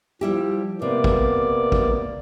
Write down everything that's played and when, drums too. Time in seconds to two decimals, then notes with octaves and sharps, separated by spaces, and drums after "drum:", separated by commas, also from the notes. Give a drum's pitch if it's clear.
0.21 F3 G3 E4 G4
0.82 C3 A#3 B3 D5
1.04 drum: kick
1.72 drum: kick